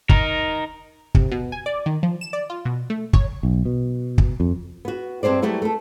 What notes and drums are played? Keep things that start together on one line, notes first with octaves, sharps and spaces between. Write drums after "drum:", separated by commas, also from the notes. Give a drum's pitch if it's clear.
D#4 A#4, drum: kick
C3, drum: kick
B2
G#5
D5
D#3
F3
E7
D5
F4
B2
A3
C#5, drum: kick
B1
B2
drum: kick
F2
B3 F#4
G2 C4 E4 C5 D5
F#3 G3 A3 B3 E4
A3 A4